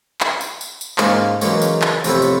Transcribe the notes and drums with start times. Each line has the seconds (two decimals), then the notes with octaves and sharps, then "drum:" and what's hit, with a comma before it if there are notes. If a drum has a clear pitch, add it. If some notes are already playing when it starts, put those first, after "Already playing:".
0.21 drum: clap
0.41 drum: tambourine
0.61 drum: tambourine
0.81 drum: tambourine
0.98 G#2 C#3 A#3 F5 G#5, drum: clap
1.41 C#3 E3 F#3 G#3 A#3 C#4, drum: tambourine
1.62 drum: tambourine
1.82 drum: clap
2.04 F2 A2 C3 B3 E4 E5, drum: tambourine
2.22 drum: tambourine